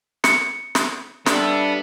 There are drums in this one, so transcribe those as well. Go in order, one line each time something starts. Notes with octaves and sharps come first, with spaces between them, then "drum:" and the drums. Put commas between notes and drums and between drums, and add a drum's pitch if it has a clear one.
C#7, drum: snare
drum: snare
G3 B3 D4 A4 E5, drum: snare